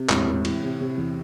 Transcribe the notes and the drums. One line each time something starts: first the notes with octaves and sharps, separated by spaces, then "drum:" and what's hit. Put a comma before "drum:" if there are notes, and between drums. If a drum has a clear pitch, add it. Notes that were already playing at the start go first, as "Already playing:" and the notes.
Already playing: C3
E1 A2, drum: clap
E1
E3, drum: cymbal
C3
C3
E2